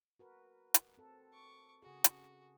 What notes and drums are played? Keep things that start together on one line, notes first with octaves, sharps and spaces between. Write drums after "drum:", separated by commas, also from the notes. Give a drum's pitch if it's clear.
F#4 A#4 B4
drum: hi-hat
C4 A4
C#6 D6
C#3 F#4 G#4
drum: hi-hat